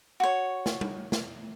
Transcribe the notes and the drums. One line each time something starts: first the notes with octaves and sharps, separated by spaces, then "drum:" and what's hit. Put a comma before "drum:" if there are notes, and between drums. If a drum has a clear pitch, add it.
F#4 C#5
drum: snare
drum: tom
drum: snare